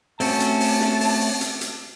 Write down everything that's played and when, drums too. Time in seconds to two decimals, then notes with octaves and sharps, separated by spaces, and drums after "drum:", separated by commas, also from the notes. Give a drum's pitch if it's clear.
0.20 A3 C4 C#4 F#4 A5, drum: open hi-hat
0.40 drum: hi-hat
0.60 drum: open hi-hat
0.80 drum: snare
1.01 drum: open hi-hat
1.21 drum: open hi-hat
1.41 drum: hi-hat
1.61 drum: hi-hat